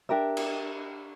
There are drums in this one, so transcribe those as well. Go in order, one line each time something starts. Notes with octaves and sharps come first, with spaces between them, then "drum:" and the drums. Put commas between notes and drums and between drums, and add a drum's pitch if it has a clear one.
D4 G4 A#4 E5
drum: cymbal